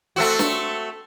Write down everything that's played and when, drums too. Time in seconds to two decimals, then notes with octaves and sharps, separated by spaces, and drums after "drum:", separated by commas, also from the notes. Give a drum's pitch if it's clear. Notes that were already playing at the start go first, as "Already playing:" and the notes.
0.16 A3 C4 F#4
0.39 drum: snare